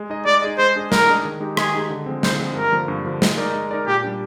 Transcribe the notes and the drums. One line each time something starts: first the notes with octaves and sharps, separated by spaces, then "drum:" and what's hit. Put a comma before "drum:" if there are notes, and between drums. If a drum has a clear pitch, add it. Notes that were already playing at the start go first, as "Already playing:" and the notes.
Already playing: G#3
D#4 G#4 D#5
G#3 D5
D#4 G#4 D#5
G#3 C5
D4 G#4 D#5
G#3 A#4, drum: snare
D4 G#4 D#5
D#3
G#3 D#4 G4
D#3 G#4, drum: rim click
G#3 D#4 G4
D3
F3 G#3 C4
D3 C5, drum: snare
F3 G#3 C4
G2 A#4
D3 F3 A#3
G2
D3 F3 A#3
G#3, drum: snare
D#4 A#4 D5
G#3
D#4 A#4 D5
A#2 G4
G3 D4